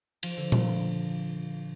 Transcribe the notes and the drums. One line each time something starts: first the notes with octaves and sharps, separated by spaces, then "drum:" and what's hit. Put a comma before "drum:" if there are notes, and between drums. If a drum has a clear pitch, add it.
F3, drum: cymbal
D3
A#2, drum: tom A#2